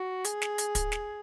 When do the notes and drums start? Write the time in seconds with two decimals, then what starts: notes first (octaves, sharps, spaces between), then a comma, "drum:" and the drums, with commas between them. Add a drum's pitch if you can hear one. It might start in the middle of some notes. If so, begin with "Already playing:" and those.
Already playing: F#4
0.25 G#4, drum: hi-hat
0.42 drum: snare
0.58 drum: hi-hat
0.75 drum: kick, hi-hat
0.92 drum: snare